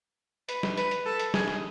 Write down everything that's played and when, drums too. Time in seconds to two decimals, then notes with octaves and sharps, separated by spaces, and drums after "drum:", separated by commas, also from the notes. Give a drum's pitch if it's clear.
0.49 B4, drum: hi-hat
0.63 drum: snare
0.77 B4, drum: hi-hat
0.91 drum: hi-hat
1.06 A4
1.19 drum: hi-hat
1.34 G#4, drum: snare
1.48 drum: snare